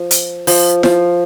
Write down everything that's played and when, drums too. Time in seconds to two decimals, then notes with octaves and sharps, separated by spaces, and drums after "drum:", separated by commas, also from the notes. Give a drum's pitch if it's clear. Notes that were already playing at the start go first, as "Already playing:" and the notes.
Already playing: F3
0.11 drum: hi-hat
0.47 F3, drum: open hi-hat
0.83 F3, drum: snare E4